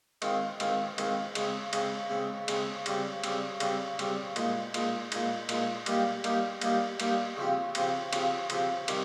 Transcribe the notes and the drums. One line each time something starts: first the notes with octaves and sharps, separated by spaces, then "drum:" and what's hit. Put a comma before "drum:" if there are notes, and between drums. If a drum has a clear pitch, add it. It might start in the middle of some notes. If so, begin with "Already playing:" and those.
D#3 G#3 C4 F4, drum: cymbal
D#3 G#3 C4 F4, drum: cymbal
D#3 G#3 C4 F4, drum: cymbal
C#3 G#3 C4, drum: cymbal
C#3 G#3 C4, drum: cymbal
C#3 G#3 C4
C#3 G#3 C4, drum: cymbal
C#3 G3 C4, drum: cymbal
C#3 G3 C4, drum: cymbal
C#3 G3 C4, drum: cymbal
C#3 G3 C4, drum: cymbal
A#2 G#3 D#4, drum: cymbal
A#2 G#3 D#4, drum: cymbal
A#2 G#3 D#4, drum: cymbal
A#2 G#3 D#4, drum: cymbal
G3 A#3 D#4 G4, drum: cymbal
G3 A#3 D#4 G4, drum: cymbal
G3 A#3 D#4 G4, drum: cymbal
G3 A#3 D#4 G4, drum: cymbal
C#3 F3 C4 G4
C#3 F3 C4 G4, drum: cymbal
C#3 F3 C4 G4, drum: cymbal
C#3 F3 C4 G4, drum: cymbal
C3 D#3 G3, drum: cymbal